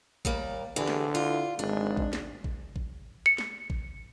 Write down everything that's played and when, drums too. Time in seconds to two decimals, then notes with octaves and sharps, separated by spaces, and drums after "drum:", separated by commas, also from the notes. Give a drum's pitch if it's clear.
0.25 D#2 G3 A#3, drum: kick A1
0.76 D3 E3 G4 G#4
0.88 drum: snare
1.15 E4 F4
1.59 G#1 G#3 D4
1.97 drum: kick A1
2.13 drum: snare
2.44 drum: kick A1
2.76 drum: kick A1
3.26 C#7
3.38 drum: snare
3.70 drum: kick A1